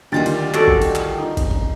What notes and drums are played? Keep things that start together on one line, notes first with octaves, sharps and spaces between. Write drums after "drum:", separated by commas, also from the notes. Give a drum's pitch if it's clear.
D2 D#3 G3 F4 G4 A6
drum: cymbal
F#4 A4 D5, drum: clap
drum: kick
drum: cymbal
drum: clap
D#4
drum: kick, cymbal
drum: kick